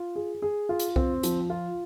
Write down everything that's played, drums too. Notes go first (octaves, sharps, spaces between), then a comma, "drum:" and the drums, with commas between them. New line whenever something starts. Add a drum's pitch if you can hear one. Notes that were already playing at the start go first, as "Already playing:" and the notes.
Already playing: F4
G#4
G#4
F4
drum: hi-hat
C4, drum: kick C2
F3, drum: hi-hat
F4